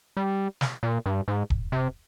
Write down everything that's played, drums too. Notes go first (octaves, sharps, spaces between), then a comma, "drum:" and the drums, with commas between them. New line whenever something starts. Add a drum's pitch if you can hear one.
G3
drum: snare
A#2
G2
G#2
drum: kick
C3